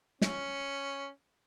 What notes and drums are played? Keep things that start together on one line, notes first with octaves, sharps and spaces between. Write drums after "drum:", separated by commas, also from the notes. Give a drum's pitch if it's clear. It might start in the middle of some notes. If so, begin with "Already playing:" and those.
C#4, drum: snare